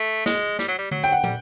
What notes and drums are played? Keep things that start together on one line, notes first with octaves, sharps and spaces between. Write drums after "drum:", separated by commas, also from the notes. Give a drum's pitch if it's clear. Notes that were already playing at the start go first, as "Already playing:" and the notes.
Already playing: A3
G#3, drum: snare
G3, drum: snare
F#3
G3
F#3, drum: tom D3
G5
F#5
G3, drum: tom